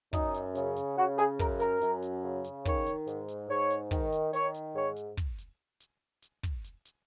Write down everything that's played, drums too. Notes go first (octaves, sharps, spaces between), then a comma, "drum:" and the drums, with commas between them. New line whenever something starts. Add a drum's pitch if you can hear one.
F#2 D#4, drum: kick, hi-hat
drum: hi-hat
C#3, drum: hi-hat
drum: hi-hat
C#3 F#4
G#4, drum: hi-hat
F#2 A#4, drum: kick, hi-hat
A#4, drum: hi-hat
F#2, drum: hi-hat
drum: hi-hat
C#3
drum: hi-hat
D#3 C#5, drum: kick, hi-hat
drum: hi-hat
G#2, drum: hi-hat
drum: hi-hat
G#2 C#5
drum: hi-hat
D#3, drum: kick, hi-hat
drum: hi-hat
D#3 C#5, drum: hi-hat
drum: hi-hat
G#2 C#5
drum: hi-hat
drum: kick, hi-hat
drum: hi-hat
drum: hi-hat
drum: hi-hat
drum: kick, hi-hat
drum: hi-hat
drum: hi-hat